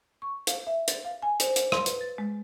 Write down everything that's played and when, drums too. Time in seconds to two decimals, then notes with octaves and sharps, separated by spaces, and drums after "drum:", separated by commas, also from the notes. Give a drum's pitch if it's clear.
0.22 C#6
0.47 F5, drum: hi-hat
0.67 E5
0.88 A6, drum: hi-hat
1.05 F5
1.22 G#5
1.40 C5, drum: hi-hat
1.56 drum: hi-hat
1.72 C6, drum: rim click
1.86 B4, drum: hi-hat
2.01 A6
2.18 G#3